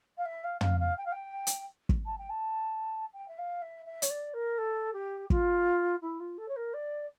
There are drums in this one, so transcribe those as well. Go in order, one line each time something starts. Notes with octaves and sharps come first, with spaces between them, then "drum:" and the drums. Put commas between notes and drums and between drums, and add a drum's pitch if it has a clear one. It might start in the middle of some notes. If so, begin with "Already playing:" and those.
F5
E5
F5
F5, drum: tom
F5
G5
F5
G5
drum: hi-hat
drum: kick
A5
G5
A5
G5
E5
F5
E5
E5
C#5, drum: hi-hat
D5
A#4
A4
G4
F4, drum: kick
E4
F4
A4
C#5
A#4
D5